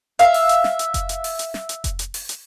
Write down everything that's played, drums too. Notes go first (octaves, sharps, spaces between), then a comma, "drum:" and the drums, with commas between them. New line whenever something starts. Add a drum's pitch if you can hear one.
E5 F5, drum: hi-hat
drum: open hi-hat
drum: hi-hat
drum: snare
drum: hi-hat
drum: kick F1, hi-hat
drum: hi-hat
drum: open hi-hat
drum: hi-hat
drum: snare
drum: hi-hat
drum: kick F1, hi-hat
drum: hi-hat
drum: open hi-hat
drum: hi-hat